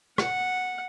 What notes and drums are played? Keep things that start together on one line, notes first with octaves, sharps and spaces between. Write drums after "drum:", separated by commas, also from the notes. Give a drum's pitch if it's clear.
F#5, drum: rim click